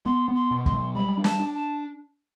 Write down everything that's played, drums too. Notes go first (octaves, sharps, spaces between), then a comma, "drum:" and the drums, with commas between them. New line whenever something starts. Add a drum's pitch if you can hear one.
B3 C6
B3
C6
B2
C6, drum: kick
F#3
G3 B5
D4
A5, drum: snare
D4
A5